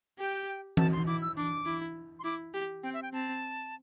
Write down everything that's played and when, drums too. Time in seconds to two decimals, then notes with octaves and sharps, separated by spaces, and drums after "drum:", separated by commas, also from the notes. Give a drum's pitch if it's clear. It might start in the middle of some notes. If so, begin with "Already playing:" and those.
0.19 G4 G5
0.77 A5, drum: tom E3
0.92 C6
1.06 E4 D6
1.22 E6
1.36 D4 D6
1.66 E4
2.19 C6
2.24 E4 D6
2.54 G4
2.83 C4 G5
2.94 E5
3.02 G5
3.13 C4 A5